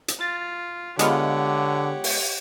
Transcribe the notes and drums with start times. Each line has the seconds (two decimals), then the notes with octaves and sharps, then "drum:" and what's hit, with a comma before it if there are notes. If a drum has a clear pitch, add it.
0.08 drum: hi-hat
0.21 F4 A6
0.99 D3 G#3 B3 F4 G4 C#5 F#5, drum: hi-hat
2.04 drum: open hi-hat